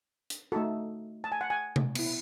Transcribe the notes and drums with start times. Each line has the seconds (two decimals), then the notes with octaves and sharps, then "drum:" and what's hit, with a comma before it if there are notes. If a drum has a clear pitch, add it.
0.30 drum: hi-hat
0.52 A3 D#4 F#4 A4
1.24 A5
1.32 G#5
1.41 F#5
1.50 G#5
1.76 drum: tom C3
1.95 B3 E4, drum: cymbal